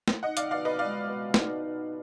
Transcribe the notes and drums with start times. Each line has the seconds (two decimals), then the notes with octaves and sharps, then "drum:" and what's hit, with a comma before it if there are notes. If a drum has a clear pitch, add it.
0.08 drum: snare
0.23 D#4 D#5 F#5
0.37 D5 F5, drum: hi-hat
0.50 B2 D5 F5
0.65 B4 D#5
0.79 G#3 D5 F5
1.07 B2
1.34 D#4, drum: snare
1.62 B2